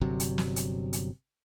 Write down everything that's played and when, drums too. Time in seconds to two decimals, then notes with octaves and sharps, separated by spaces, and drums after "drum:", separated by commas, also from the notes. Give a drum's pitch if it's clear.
0.01 G1 C3 F#3
0.20 drum: hi-hat
0.38 drum: snare
0.56 drum: hi-hat
0.93 drum: hi-hat